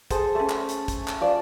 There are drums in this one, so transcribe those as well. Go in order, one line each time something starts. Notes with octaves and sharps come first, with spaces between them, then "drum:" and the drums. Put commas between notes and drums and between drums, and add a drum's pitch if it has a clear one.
G#4 A4 C5, drum: kick, hi-hat
A3 C#4
drum: clap
drum: hi-hat
drum: kick, hi-hat
drum: clap
F3 D5 A5